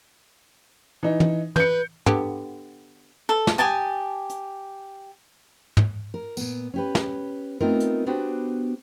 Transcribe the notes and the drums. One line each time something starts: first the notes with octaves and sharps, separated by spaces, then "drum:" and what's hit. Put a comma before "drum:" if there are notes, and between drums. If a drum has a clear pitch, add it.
E3 D#4
drum: tom
B4 G6 C#7, drum: tom
D3 B3 G4, drum: tom
A4
drum: snare
G4 G#5 A5 D#6
drum: hi-hat
drum: tom
A#4
A#2 B3, drum: tambourine
C#4 G4 B4
drum: snare
A3 B3 C4 D#4 F4 A#4
drum: hi-hat
B3 D4 F#4 G4 B4 C5